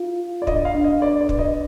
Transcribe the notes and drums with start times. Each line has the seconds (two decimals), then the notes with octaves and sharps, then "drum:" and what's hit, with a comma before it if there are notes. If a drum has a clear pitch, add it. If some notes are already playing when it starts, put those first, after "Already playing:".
Already playing: F4 F5
0.20 F4
0.42 D5
0.47 D4 D#5, drum: kick
0.65 F5
0.75 D4
0.84 D#5
1.02 B4 D5
1.20 D5
1.29 B4, drum: kick
1.39 D#5